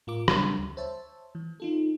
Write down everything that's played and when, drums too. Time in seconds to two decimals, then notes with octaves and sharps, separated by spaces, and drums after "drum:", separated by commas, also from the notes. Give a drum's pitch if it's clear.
0.07 A2 F4 A#4 D6
0.28 C#3 F#3 G3 D4, drum: rim click
0.58 D2
0.77 C5 C#5 E5 A5
1.35 E3
1.60 D#4 F4 A4